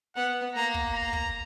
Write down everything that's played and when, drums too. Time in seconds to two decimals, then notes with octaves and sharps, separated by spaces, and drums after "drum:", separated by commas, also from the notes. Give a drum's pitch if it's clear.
0.16 B3 F#5
0.55 A#3 A#5
0.74 drum: kick
0.94 A#5
1.13 drum: kick